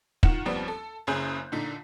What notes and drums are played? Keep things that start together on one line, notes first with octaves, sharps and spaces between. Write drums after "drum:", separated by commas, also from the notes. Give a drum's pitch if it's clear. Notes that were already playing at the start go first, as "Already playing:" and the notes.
D#3 F4 F#5 E7, drum: kick
D#2 F3 G3 B3 C4
A4
F#1 F#2 C#3 G#5 F#6 G6
A#2 D3 D#4 B6